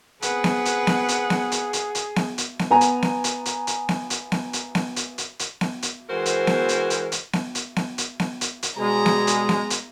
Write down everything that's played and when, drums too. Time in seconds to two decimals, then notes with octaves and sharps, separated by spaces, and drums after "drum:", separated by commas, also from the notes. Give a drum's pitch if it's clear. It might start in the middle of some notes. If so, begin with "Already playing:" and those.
0.22 B3 C4 G#4 B4 F#5, drum: hi-hat
0.44 drum: snare B3
0.65 drum: hi-hat
0.87 drum: snare B3
1.09 drum: hi-hat
1.30 drum: snare B3
1.52 drum: hi-hat
1.73 drum: hi-hat
1.95 drum: hi-hat
2.16 drum: snare B3
2.38 drum: hi-hat
2.59 drum: snare B3
2.70 B3 G#5 A#5
2.81 drum: hi-hat
3.02 drum: snare B3
3.24 drum: hi-hat
3.46 drum: hi-hat
3.67 drum: hi-hat
3.89 drum: snare B3
4.10 drum: hi-hat
4.32 drum: snare B3
4.53 drum: hi-hat
4.75 drum: snare B3
4.96 drum: hi-hat
5.18 drum: hi-hat
5.39 drum: hi-hat
5.61 drum: snare B3
5.83 drum: hi-hat
6.09 E3 G#3 C4 F#4 A#4 C5
6.26 drum: hi-hat
6.47 drum: snare B3
6.69 drum: hi-hat
6.90 drum: hi-hat
7.12 drum: hi-hat
7.33 drum: snare B3
7.55 drum: hi-hat
7.76 drum: snare B3
7.98 drum: hi-hat
8.19 drum: snare B3
8.41 drum: hi-hat
8.63 drum: hi-hat
8.78 B2 G3 G#3 G#4 A#5
9.06 drum: snare B3
9.27 drum: hi-hat
9.49 drum: snare B3
9.70 drum: hi-hat